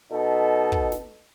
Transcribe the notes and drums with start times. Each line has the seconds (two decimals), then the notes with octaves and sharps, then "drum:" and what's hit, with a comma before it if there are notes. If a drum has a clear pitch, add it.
0.12 B2 D#4 A4
0.72 drum: kick
0.92 drum: snare